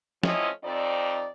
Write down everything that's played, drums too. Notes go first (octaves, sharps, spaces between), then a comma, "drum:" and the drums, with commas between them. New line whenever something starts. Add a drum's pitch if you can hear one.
F3 A3 C4 C#4 E4 D#5, drum: snare
F2 C4 D#4 D5